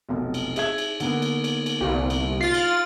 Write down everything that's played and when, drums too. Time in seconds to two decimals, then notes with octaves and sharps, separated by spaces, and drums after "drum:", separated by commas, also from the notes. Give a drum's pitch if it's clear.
0.09 F1 B1
0.34 drum: cymbal
0.56 G#4 E5 G#6, drum: cymbal
0.78 drum: cymbal
1.00 D3 A#3 B3, drum: cymbal
1.22 drum: cymbal
1.44 drum: cymbal
1.66 drum: cymbal
1.81 C2
2.10 drum: cymbal
2.41 F4 A6
2.54 drum: cymbal